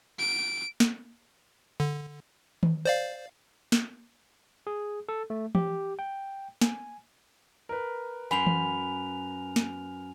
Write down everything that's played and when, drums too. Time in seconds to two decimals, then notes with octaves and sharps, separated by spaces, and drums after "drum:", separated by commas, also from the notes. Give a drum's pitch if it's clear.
0.19 D7
0.80 drum: snare
1.80 D3
2.63 drum: tom D#3
2.85 C5 D5 F5
3.72 drum: snare
4.67 G#4
5.09 A4
5.30 A3
5.55 G4, drum: tom E3
5.99 G5
6.61 G#5, drum: snare
7.69 A#4 B4
8.31 F#2 G5 G#5 B5 C6 F7
8.47 drum: tom E3
9.56 drum: snare